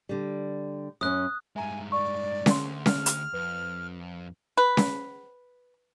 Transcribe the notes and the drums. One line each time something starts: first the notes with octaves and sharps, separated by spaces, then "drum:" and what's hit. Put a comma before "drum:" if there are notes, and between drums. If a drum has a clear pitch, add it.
D3 G3
F#2 C#4 D#6 F#6
G2 G#3 E5 G#5 A#5
D5 C#6
D2 A#4 C6, drum: snare C#4
F6, drum: snare C#4
drum: hi-hat
F2 B4
B4
drum: snare C#4